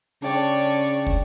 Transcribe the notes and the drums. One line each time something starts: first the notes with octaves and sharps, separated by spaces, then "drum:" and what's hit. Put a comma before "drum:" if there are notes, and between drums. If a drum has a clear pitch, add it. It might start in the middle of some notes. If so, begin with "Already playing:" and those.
C#3 D4 C#5 D5 G5 A5
drum: kick